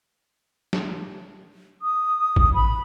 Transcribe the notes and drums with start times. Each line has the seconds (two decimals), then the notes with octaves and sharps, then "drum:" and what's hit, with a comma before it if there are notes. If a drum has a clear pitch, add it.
0.73 drum: snare
1.82 D#6
2.36 drum: kick A1
2.54 B5